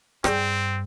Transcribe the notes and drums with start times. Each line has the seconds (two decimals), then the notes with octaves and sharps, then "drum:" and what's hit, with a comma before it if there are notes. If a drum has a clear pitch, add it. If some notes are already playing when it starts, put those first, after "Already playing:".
0.24 G2 C4 G#4 D5 G5, drum: rim click